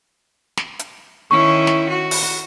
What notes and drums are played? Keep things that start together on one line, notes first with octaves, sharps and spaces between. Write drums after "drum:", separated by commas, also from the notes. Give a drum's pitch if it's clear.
drum: snare
drum: hi-hat
D#3 C#4 E4 C#6
drum: snare
F#4
drum: open hi-hat